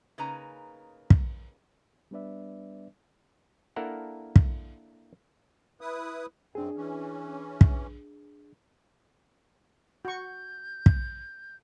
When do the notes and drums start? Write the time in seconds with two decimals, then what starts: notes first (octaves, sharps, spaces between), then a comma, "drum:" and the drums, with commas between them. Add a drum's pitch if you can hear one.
0.18 C#3 A#3 D#4 B4 G#5 A#5
1.10 drum: kick
2.11 G3 B3 D4 B4 D5 E5
3.76 A#3 D4 E4 A4 A#4 F#5
4.36 drum: kick
5.81 E4 B4 D#6
6.55 F#2 C4 D4 G#4
6.76 E3 C#4
7.61 drum: kick
10.05 F#4 C#6 G6
10.86 drum: kick